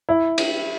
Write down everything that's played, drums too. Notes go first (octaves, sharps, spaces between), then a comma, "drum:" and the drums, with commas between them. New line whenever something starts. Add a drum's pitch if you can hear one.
E4
drum: cymbal